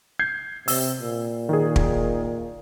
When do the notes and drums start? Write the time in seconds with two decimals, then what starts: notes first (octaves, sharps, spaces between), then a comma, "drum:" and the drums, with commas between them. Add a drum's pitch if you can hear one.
0.19 G6 G#6 C7
0.68 C3 E6, drum: open hi-hat
1.01 A#2
1.49 D#3 G#4
1.76 drum: kick